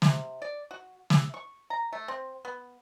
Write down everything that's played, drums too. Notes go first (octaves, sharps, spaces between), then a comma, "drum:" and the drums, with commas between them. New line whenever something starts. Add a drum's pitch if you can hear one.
C3, drum: snare
D5
F#4
E5, drum: snare
C#6
A#5
A3
C4
B3